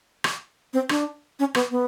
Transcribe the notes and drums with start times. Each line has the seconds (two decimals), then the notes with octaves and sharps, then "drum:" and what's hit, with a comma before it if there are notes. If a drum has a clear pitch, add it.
0.24 drum: rim click
0.73 C4
0.89 D4, drum: rim click
1.39 C#4
1.55 B3, drum: rim click
1.71 B3